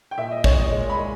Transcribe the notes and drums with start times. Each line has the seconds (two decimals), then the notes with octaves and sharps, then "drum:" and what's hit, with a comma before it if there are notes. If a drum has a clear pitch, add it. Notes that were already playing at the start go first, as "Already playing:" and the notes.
0.11 G5
0.17 A#2 E5
0.31 D#5
0.44 A#2 C#5, drum: kick
0.58 D#5
0.71 G#3
0.89 B5
0.99 G#3